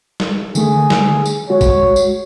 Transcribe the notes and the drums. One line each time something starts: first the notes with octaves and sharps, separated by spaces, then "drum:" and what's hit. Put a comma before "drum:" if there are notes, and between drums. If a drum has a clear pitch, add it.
drum: snare
D3 D#3 A3 G#4, drum: tambourine
drum: snare
drum: tambourine
G#3 F#4 C#5
drum: kick A1, tambourine
drum: tambourine